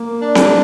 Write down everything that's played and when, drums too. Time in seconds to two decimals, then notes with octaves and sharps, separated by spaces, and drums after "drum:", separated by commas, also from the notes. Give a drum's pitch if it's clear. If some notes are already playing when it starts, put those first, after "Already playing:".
Already playing: A#3
0.21 D4
0.35 drum: snare C4